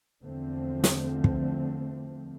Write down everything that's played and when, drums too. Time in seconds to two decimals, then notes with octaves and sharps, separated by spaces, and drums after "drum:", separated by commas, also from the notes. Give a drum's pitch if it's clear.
0.23 E2 D3 F3 A3 C4
0.84 drum: snare
1.24 drum: kick